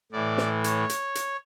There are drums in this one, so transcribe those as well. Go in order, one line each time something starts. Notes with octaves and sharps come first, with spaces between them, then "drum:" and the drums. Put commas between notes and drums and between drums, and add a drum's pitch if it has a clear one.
A2 E3 D5
drum: snare
C#5, drum: hi-hat
drum: hi-hat
drum: hi-hat